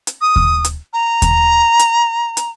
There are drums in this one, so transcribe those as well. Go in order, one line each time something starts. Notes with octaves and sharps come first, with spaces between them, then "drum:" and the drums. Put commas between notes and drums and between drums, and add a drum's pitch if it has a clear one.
drum: hi-hat
D#6
drum: kick D#2
drum: hi-hat
A#5
drum: kick D#2, hi-hat
drum: hi-hat
drum: hi-hat